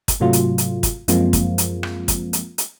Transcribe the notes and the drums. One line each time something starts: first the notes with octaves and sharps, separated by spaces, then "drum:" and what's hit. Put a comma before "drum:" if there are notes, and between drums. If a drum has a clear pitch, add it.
drum: kick, hi-hat
G#2 C3 F#3 A3 F4
drum: hi-hat
drum: hi-hat
drum: kick, hi-hat
F#2 F3 G#3 A#3 C4 F4, drum: hi-hat
drum: kick, hi-hat
drum: hi-hat
drum: rim click
drum: kick, hi-hat
drum: hi-hat
drum: hi-hat